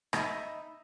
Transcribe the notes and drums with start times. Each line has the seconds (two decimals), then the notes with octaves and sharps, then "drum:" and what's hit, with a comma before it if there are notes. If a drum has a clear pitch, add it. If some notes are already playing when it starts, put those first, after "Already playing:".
0.13 D#4 D#5 E5 B5, drum: rim click